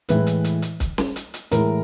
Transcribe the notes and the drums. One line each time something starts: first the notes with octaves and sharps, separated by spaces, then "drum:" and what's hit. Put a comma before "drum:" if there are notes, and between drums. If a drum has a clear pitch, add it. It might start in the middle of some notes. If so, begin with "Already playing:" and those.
A2 E3 G#3 B4, drum: hi-hat
drum: hi-hat
drum: hi-hat
drum: hi-hat
drum: kick, hi-hat
drum: snare
drum: hi-hat
drum: hi-hat
A2 E3 G#3 A#4, drum: hi-hat